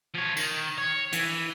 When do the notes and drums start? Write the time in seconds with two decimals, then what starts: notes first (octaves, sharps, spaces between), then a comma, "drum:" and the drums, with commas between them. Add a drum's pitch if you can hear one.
0.15 F3 C#5
0.37 D#3, drum: tambourine
0.78 C#5
1.13 E3, drum: hi-hat